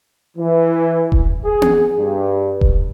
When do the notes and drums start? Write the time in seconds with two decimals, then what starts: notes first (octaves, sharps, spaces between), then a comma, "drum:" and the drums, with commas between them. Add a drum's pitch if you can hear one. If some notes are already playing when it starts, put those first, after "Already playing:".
0.37 E3
1.12 drum: kick E1
1.45 G#4
1.62 drum: tom B3
1.97 G2
2.61 drum: kick E1